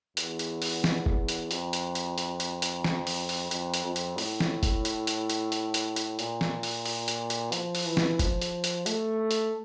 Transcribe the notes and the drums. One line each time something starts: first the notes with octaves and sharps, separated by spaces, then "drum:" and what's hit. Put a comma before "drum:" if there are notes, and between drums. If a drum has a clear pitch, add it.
E2, drum: hi-hat
drum: hi-hat
drum: open hi-hat
drum: snare
drum: kick
drum: hi-hat
F2, drum: hi-hat
drum: hi-hat
drum: hi-hat
drum: hi-hat
drum: hi-hat
drum: hi-hat
drum: snare
drum: open hi-hat
drum: open hi-hat
F2, drum: hi-hat
drum: hi-hat
F2
drum: hi-hat
A2, drum: open hi-hat
drum: snare
drum: kick, hi-hat
drum: hi-hat
drum: hi-hat
drum: hi-hat
drum: hi-hat
drum: hi-hat
drum: hi-hat
A#2, drum: hi-hat
drum: snare
drum: open hi-hat
drum: open hi-hat
drum: hi-hat
drum: hi-hat
F3, drum: hi-hat
drum: open hi-hat
E3
drum: snare
F3, drum: kick, hi-hat
drum: hi-hat
drum: hi-hat
A3, drum: hi-hat
drum: hi-hat